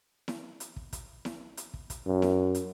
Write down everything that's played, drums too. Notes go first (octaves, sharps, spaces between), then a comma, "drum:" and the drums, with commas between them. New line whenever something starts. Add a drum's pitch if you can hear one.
drum: snare E4
drum: hi-hat
drum: kick
drum: kick, hi-hat
drum: snare E4
drum: hi-hat
drum: kick
drum: kick, hi-hat
F#2
drum: snare E4
drum: hi-hat